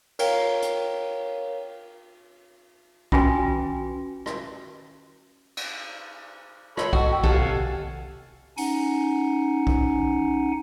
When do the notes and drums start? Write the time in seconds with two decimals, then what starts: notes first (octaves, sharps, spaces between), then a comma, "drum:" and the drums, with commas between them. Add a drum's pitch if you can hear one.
0.19 A#4 C#5 F5 G5, drum: cymbal
0.62 drum: hi-hat
3.12 C#4 F4 F#4 B4 G5 G#5, drum: kick B1
4.26 drum: rim click
5.57 drum: cymbal
6.77 A4 C#5 B5, drum: rim click
6.93 F#4 A4 D#5, drum: kick B1
7.12 G5
7.24 G4 A4 F5 F#5 G#5 A5, drum: kick B1
7.39 C3
8.57 C#4 D#4 F#5 G#5, drum: open hi-hat
9.67 drum: kick B1